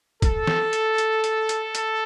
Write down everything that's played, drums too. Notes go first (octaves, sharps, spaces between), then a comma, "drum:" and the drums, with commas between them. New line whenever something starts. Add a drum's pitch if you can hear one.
A4, drum: kick, hi-hat
drum: snare
drum: hi-hat
drum: hi-hat
drum: hi-hat
drum: hi-hat
A4, drum: hi-hat